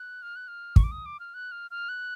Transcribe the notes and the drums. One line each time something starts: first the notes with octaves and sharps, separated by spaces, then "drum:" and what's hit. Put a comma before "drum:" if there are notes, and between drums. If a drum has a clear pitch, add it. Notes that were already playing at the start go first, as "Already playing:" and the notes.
Already playing: F#6
F6
F#6
F6
C#6, drum: kick
D6
D#6
D6
F6
F#6
F6
F6
F#6